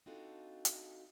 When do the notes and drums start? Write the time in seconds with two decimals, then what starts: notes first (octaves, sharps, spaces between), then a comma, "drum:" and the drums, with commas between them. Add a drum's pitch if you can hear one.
0.06 C4 D4 D#4 F4 F#4 A4
0.65 drum: hi-hat